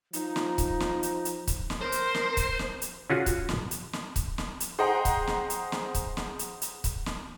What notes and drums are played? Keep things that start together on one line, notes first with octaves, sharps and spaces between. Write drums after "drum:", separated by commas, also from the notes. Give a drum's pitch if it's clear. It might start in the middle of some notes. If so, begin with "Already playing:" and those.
F3 D#4, drum: hi-hat
drum: snare
drum: kick C#1, hi-hat
drum: snare
drum: hi-hat
drum: hi-hat
drum: kick C#1, hi-hat
drum: snare
A#4 C5
drum: hi-hat
drum: snare
drum: kick C#1, hi-hat
drum: snare
drum: hi-hat
C#4 F4 F#4 G#4
drum: kick C#1, hi-hat
drum: snare
drum: hi-hat
drum: snare
drum: kick C#1, hi-hat
drum: snare
drum: hi-hat
G#4 C5 D#5 F#5 G5 A#5
drum: kick C#1, hi-hat
drum: snare
drum: hi-hat
drum: snare
drum: kick C#1, hi-hat
drum: snare
drum: hi-hat
drum: hi-hat
drum: kick C#1, hi-hat
drum: snare